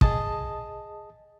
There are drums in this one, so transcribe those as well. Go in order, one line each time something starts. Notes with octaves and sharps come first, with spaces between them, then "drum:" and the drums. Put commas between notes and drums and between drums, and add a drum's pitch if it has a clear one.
G#4 D#5 A5 D#6, drum: kick